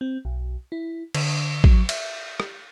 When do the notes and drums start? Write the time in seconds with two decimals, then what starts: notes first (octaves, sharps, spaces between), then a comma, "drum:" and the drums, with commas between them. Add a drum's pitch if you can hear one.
0.01 C4
0.25 B1
0.72 E4
1.15 D3, drum: cymbal
1.64 F#3, drum: kick
1.89 E5, drum: cymbal
2.40 drum: rim click